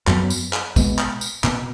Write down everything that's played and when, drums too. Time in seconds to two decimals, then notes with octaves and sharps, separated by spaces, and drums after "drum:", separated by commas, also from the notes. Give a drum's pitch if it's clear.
0.07 F#2 F#3 B3, drum: clap
0.30 drum: tambourine
0.53 drum: clap
0.76 B2 G#3 B3, drum: kick, tambourine
0.98 drum: clap
1.21 drum: tambourine
1.44 B2 B3, drum: clap